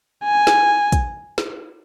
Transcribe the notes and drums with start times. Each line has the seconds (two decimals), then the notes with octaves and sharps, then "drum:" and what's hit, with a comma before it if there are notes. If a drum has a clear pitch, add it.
0.24 G#5
0.47 drum: snare
0.92 drum: kick, hi-hat
1.38 drum: snare